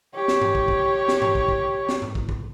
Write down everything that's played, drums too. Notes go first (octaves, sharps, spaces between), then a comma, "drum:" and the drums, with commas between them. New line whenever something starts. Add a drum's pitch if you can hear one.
G4 C#5
drum: snare
drum: tom G2
drum: kick
drum: kick
drum: snare
drum: tom G2
drum: kick
drum: kick
drum: snare
drum: tom G#2
drum: kick
drum: kick